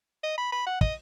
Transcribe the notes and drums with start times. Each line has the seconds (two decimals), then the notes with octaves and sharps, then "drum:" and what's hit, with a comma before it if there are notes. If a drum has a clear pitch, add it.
0.23 D#5
0.38 B5
0.52 B5
0.66 F#5
0.81 D#5, drum: kick